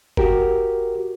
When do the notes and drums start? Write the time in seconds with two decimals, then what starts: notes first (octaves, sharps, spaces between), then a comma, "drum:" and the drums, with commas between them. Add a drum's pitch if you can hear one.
0.17 F#4 G4 A#4, drum: kick